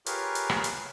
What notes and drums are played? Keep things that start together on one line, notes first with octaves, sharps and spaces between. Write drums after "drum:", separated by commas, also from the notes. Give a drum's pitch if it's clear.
F4 G4 G#4 A#4 B4 C#5, drum: hi-hat
drum: hi-hat
drum: rim click
drum: hi-hat